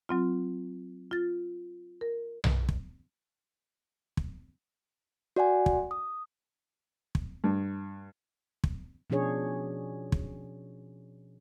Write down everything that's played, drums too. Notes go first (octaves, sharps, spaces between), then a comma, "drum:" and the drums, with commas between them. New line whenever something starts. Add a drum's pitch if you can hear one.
F#3 C4 F4
F4 A6
A#4
drum: tom B1
drum: kick
drum: kick
F#4 D5 F#5 G#5
drum: kick
D#6
drum: kick
G2
drum: kick
B2 F3 C#4 D4 G#4 C#5
drum: kick